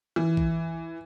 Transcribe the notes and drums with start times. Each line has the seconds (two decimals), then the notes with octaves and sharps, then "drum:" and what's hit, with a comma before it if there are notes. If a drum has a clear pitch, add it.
0.16 E3
0.37 drum: kick A1